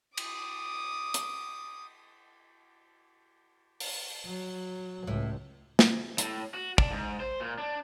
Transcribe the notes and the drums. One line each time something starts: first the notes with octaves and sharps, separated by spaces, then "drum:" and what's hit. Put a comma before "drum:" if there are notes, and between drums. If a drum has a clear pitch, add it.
D6 D#6, drum: cymbal
drum: hi-hat
drum: open hi-hat
F#3
C#2 A2
drum: snare
A2, drum: hi-hat
F#4
D4, drum: kick
G#2
C5
A#2
D4